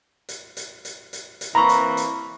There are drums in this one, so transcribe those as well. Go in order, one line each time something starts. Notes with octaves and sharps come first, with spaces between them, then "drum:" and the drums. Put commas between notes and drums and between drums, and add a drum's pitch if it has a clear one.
drum: hi-hat
drum: hi-hat
drum: hi-hat
drum: hi-hat
drum: hi-hat
E3 A#3 C4 A#5 B5 C#6
drum: hi-hat
drum: hi-hat